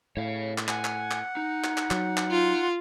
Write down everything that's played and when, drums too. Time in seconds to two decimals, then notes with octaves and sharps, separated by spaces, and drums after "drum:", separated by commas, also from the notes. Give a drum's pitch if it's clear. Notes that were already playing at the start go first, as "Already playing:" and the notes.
0.17 A2 C#5 F5
0.58 drum: clap
0.68 F#5 G#5, drum: clap
0.85 drum: clap
1.11 drum: clap
1.37 D#4
1.64 drum: clap
1.77 drum: clap
1.91 F#3, drum: clap
2.17 drum: clap
2.31 F4